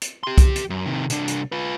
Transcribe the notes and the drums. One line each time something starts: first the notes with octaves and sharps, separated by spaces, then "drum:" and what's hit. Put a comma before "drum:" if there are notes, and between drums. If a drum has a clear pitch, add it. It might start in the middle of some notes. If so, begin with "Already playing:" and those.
drum: hi-hat
G4 C6
drum: kick C2, hi-hat
drum: hi-hat
F#2
C3 D#3
C2 D4, drum: hi-hat
drum: hi-hat
F4 B4